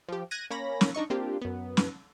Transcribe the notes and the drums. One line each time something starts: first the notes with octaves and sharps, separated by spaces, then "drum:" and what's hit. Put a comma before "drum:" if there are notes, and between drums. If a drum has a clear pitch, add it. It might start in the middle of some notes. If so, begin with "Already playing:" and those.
F3 G4
F#6 G#6 A#6 D#7
A#3 C#4 C#5 B5 A#6
drum: snare
D4 D#4 D#5 C#6
A#3 C4 D4 F4 G4
F#2 B3
drum: snare